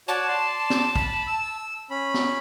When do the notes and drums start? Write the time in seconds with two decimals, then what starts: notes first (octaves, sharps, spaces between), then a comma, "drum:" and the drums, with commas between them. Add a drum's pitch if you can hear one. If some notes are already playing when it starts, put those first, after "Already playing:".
0.08 F#4 C#5 D5 A5
0.28 D5 C6
0.70 drum: snare
0.96 B5, drum: kick
1.27 E6
1.90 C#4 B5
2.14 drum: snare